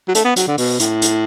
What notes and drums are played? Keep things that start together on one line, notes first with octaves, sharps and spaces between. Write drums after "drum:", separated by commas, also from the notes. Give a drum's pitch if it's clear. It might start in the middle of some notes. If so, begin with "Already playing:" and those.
F#3
A3, drum: hi-hat
B3
F#3, drum: hi-hat
D3
B2, drum: open hi-hat
A2, drum: hi-hat
drum: hi-hat